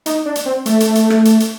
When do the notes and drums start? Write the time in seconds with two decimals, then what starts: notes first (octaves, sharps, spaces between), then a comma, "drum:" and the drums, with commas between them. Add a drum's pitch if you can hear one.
0.06 D#4, drum: hi-hat
0.26 D4
0.35 drum: hi-hat
0.45 C4
0.66 A3, drum: hi-hat
0.80 drum: hi-hat
0.95 drum: hi-hat
1.10 drum: rim click
1.25 drum: hi-hat
1.40 drum: hi-hat